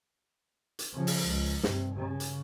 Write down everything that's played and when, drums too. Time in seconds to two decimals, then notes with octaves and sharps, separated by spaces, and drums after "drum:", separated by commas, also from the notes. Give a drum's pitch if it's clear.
0.79 drum: hi-hat
0.94 C#3 F3
1.07 drum: open hi-hat
1.27 C#2
1.63 G2 C3, drum: snare
1.95 C#3
2.20 drum: hi-hat